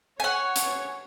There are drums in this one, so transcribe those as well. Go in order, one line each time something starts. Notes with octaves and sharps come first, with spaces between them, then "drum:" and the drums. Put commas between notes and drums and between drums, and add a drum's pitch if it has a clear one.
C#5 F#5 G#5
drum: hi-hat